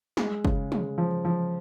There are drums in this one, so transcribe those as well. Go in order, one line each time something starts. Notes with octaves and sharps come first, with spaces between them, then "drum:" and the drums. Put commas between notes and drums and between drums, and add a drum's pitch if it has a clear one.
G#3, drum: snare
C#3, drum: kick
G#3, drum: tom
F3
F3